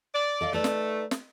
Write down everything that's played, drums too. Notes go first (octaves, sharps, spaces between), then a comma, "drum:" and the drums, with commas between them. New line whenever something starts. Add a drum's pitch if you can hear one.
D5
A4 D#5 F5
A3 D#4 B4 D5
drum: snare
drum: snare